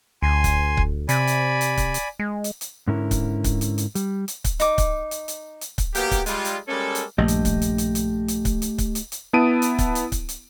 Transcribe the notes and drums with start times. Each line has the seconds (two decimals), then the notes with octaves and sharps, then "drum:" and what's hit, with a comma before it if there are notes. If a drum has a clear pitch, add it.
0.22 D2 G#5 C6
0.44 drum: kick C#1, hi-hat
0.77 drum: kick C#1
1.09 C3 D5 G#5 B5, drum: hi-hat
1.27 drum: hi-hat
1.61 drum: hi-hat
1.77 drum: kick C#1, hi-hat
1.94 drum: hi-hat
2.19 G#3
2.44 drum: hi-hat
2.61 drum: hi-hat
2.87 G#2 D3 C#4 E4 A#4
3.11 drum: kick C#1, hi-hat
3.44 drum: kick C#1, hi-hat
3.61 drum: hi-hat
3.78 drum: hi-hat
3.95 G3, drum: hi-hat
4.28 drum: hi-hat
4.44 drum: kick C#1, hi-hat
4.60 D#4 D6, drum: hi-hat
4.78 drum: kick C#1, hi-hat
5.11 drum: hi-hat
5.28 drum: hi-hat
5.61 drum: hi-hat
5.78 drum: kick C#1, hi-hat
5.95 F#3 A#3 B3 G4, drum: hi-hat
6.11 drum: kick C#1, hi-hat
6.26 G3 G#3 F4, drum: hi-hat
6.45 drum: hi-hat
6.68 G3 G#3 A#3 C#4 A4
6.95 drum: hi-hat
7.18 A#1 G2 A3 G4 D#5
7.28 drum: hi-hat
7.45 drum: kick C#1, hi-hat
7.62 drum: hi-hat
7.78 drum: hi-hat
7.95 drum: hi-hat
8.28 drum: hi-hat
8.45 drum: kick C#1, hi-hat
8.62 drum: hi-hat
8.78 drum: kick C#1, hi-hat
8.95 drum: hi-hat
9.12 drum: hi-hat
9.33 B3 E4 A5 D#6 D7 D#7
9.62 drum: hi-hat
9.79 drum: kick C#1, hi-hat
9.95 drum: hi-hat
10.12 drum: kick C#1, hi-hat
10.29 drum: hi-hat